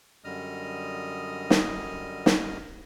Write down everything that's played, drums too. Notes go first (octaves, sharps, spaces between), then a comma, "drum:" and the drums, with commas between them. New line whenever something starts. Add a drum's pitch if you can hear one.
F#2 D3 G3 D#5 D#6 F6
drum: snare
drum: snare